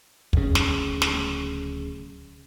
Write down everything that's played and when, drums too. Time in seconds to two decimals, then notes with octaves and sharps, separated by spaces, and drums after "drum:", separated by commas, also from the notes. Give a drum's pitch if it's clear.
0.33 D1 C#3, drum: kick
0.55 drum: snare
1.02 drum: snare